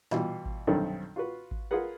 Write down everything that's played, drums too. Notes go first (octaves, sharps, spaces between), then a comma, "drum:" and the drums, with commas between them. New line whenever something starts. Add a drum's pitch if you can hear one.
B2 E3 G3 F4, drum: snare
drum: kick G#1
B1 G2 D3 D#3 C4 A4
F4 F#4 B4
drum: kick G#1
F4 G#4 A#4 B4 F#5